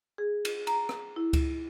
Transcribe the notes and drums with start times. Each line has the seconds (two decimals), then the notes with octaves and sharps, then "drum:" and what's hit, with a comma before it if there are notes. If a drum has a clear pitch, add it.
0.18 G#4
0.45 drum: cymbal
0.67 A#5, drum: cymbal
0.89 drum: rim click
1.16 E4
1.33 drum: kick C#2, cymbal